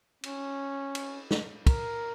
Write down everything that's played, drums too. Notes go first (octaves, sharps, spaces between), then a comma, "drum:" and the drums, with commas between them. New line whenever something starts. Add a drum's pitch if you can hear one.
C#4, drum: cymbal
drum: cymbal
drum: snare
A#4, drum: kick, cymbal